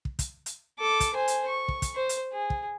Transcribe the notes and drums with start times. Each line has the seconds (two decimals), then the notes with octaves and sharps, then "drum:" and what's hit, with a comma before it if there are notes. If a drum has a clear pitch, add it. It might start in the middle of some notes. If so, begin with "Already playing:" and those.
0.05 drum: kick
0.19 drum: kick, hi-hat
0.46 drum: hi-hat
0.80 A4 D6
1.00 drum: kick, hi-hat
1.14 C5 G#5
1.28 drum: hi-hat
1.48 C#6
1.68 drum: kick
1.82 drum: kick, hi-hat
1.95 C5
2.09 drum: hi-hat
2.33 G#4
2.50 drum: kick